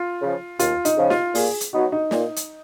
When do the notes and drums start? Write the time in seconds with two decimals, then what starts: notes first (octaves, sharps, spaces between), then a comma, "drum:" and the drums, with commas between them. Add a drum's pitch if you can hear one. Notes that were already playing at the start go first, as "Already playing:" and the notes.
Already playing: F4
0.21 C#3 F3
0.59 D#2 F4, drum: hi-hat
0.85 D#4, drum: hi-hat
0.97 C#3 F3
1.10 F4, drum: snare
1.35 A#2 G#4, drum: open hi-hat
1.61 drum: hi-hat
1.73 F#3 B3 D#4 F#4
1.92 D#4
2.11 A#2, drum: snare
2.36 drum: hi-hat